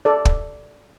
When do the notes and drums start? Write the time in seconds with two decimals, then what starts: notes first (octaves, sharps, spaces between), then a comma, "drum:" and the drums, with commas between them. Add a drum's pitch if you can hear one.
0.05 A4 D5
0.25 drum: kick